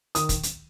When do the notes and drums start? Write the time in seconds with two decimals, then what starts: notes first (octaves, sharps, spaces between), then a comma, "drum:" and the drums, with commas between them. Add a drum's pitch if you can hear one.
0.15 D#3 D#6, drum: hi-hat
0.29 drum: kick, hi-hat
0.43 drum: hi-hat